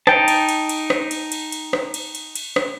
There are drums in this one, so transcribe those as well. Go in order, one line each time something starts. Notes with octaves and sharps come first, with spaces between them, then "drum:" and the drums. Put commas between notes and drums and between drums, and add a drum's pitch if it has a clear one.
D#4 G5 A5, drum: rim click
drum: cymbal
drum: cymbal
drum: cymbal
drum: rim click
drum: cymbal
drum: cymbal
drum: cymbal
drum: rim click
drum: cymbal
drum: cymbal
drum: cymbal
drum: rim click